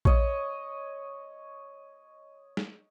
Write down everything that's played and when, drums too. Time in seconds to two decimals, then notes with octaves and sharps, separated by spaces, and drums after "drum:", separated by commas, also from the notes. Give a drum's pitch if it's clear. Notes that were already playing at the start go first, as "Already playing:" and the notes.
0.05 C#5 D#5, drum: kick A#1
2.57 drum: snare